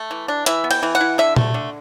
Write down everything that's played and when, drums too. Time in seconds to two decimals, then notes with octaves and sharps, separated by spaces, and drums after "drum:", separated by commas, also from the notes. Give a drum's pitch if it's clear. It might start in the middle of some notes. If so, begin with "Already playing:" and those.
Already playing: A3
0.11 E3
0.28 D4
0.46 E3 E5, drum: hi-hat
0.64 B3
0.71 G5, drum: cymbal
0.83 E3
0.95 F#5
1.01 E4
1.18 D3 E5
1.36 A3, drum: tom A#2
1.54 D3